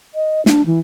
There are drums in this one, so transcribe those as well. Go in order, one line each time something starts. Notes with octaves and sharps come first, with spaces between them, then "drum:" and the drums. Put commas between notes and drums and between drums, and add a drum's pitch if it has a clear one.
D#5
D4, drum: snare
E3